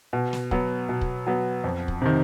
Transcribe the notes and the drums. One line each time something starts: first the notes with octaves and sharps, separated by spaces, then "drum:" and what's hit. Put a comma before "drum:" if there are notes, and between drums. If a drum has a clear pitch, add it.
B2
drum: snare
F#3 B3, drum: kick
B2
drum: kick
F#3 B3
F2
drum: kick
C3 D#3